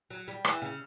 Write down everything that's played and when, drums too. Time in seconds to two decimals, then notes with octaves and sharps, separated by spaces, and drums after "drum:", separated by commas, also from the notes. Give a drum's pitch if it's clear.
0.10 F#3
0.28 G3
0.45 E3, drum: rim click
0.62 C#3